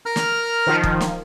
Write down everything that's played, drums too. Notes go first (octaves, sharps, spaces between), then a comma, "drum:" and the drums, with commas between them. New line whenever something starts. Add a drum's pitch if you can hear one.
A#4 A#5 F6
drum: snare
D#3 F3
drum: kick
drum: snare